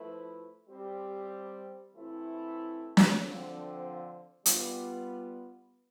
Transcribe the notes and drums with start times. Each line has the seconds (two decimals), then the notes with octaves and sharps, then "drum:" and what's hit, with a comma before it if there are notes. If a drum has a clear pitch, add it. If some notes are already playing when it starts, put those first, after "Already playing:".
Already playing: F3 A3 E4 B4
0.69 G3 C4 G4
1.94 E3 A3 C4 E4
2.97 drum: snare
3.21 D3 F3 C4
4.46 G3 B3 F4, drum: hi-hat